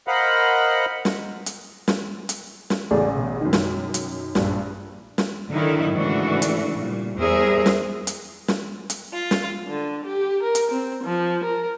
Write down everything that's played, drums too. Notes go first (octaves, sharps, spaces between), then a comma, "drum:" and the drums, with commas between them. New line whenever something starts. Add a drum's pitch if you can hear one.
A#4 C5 D#5 F5 F#5 B5
drum: snare
drum: hi-hat
drum: snare
drum: hi-hat
drum: snare
A1 E2 C#3 A3 G#4 D5
B2
F#2 D#3
drum: snare
drum: hi-hat
A#1 G2, drum: snare
drum: snare
D3 D#3 F#3 D#4 E4
G#2 C#3 E3 A3 D4 F#4
drum: hi-hat
A#2 G3
E2 G3 G#4 A#4 C5 E5
drum: snare
drum: hi-hat
drum: snare
drum: hi-hat
F4
drum: snare
D3
G4
A#4
drum: hi-hat
C4
F3
A#4